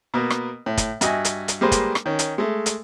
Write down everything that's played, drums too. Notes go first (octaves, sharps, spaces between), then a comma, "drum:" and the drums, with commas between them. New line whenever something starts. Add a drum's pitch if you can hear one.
B2 A#3 B3
drum: rim click
A2
drum: kick G1, hi-hat
G2 F#4 D#5 E5 G#5, drum: hi-hat
drum: hi-hat
drum: hi-hat
G3 G#3 A#3 B4 C5
drum: kick G1, hi-hat
drum: rim click
D#3 C#4
drum: hi-hat
G#3 A3
drum: hi-hat